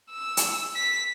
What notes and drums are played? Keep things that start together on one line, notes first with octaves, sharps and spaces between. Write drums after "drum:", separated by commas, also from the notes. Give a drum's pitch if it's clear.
E6
drum: hi-hat
B6